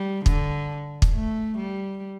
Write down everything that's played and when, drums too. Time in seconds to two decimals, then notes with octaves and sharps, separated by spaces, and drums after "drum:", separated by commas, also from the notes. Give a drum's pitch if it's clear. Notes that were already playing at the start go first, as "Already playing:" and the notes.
Already playing: G3
0.26 D3, drum: kick
1.02 drum: kick
1.15 A3
1.58 G3